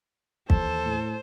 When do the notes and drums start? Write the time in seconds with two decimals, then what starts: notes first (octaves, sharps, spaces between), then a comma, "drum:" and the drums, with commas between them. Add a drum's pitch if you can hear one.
0.50 D#2 E3 A4 C5, drum: kick
0.85 A2